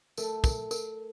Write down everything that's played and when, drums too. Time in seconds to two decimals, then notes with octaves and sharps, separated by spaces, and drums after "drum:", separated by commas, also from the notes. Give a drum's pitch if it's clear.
0.17 A3 A#4, drum: tambourine
0.44 A#4, drum: kick, tambourine
0.71 A#4, drum: tambourine